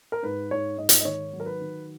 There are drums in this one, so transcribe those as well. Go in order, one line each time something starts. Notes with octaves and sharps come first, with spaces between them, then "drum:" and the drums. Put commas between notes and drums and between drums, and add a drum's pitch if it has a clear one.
A#4
G#2 B4
G#2 C#5
G#2 D#5
drum: hi-hat
D#5
D#3 C#5
F#3
A#4
B4
D#3